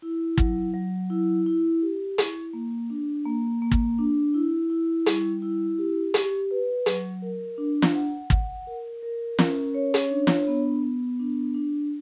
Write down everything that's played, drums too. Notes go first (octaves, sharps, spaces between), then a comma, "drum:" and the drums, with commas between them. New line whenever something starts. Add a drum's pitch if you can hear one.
E4
F#3, drum: kick
F#3
E4
E4
G4
E4, drum: hi-hat
A#3
D4
A#3
A#3
drum: kick
D4
E4
E4
G3, drum: hi-hat
E4
G4
G4, drum: hi-hat
B4
F#3, drum: hi-hat
A#4
D4
drum: snare
F#5
F#5, drum: kick
A#4
A#4
C#4, drum: snare
C#5
drum: hi-hat
D4
drum: snare
B3
B3
D4
D4